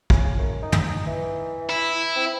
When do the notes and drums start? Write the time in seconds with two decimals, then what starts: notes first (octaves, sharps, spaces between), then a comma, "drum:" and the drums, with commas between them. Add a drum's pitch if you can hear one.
0.10 C#3, drum: kick
0.38 F#2
0.63 D#4
0.72 drum: tom
1.07 E3
1.70 E4
2.16 C4